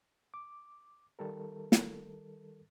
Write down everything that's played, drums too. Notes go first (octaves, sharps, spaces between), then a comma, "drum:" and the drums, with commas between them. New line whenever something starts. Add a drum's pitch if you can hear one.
D6
D#3 G3 A4 A#4
drum: snare